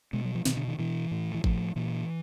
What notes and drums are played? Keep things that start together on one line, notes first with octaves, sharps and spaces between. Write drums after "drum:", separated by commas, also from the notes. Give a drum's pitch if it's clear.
B2 G#3
F#3
F3
B2 D#3, drum: snare
D3
D#3
B2 E3
A2
E3
A2 F3, drum: kick G#1
A#2 E3